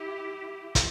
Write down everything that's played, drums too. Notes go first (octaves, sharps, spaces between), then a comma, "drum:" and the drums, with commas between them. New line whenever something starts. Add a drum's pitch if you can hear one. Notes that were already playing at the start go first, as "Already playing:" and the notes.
Already playing: E4 G4
drum: kick, hi-hat